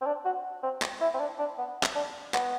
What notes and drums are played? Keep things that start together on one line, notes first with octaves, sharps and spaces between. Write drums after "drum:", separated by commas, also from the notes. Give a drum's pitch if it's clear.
C4
D4
F#4
C4
drum: clap
E4
C4
D4
D4
B3
drum: clap
D4
B3, drum: clap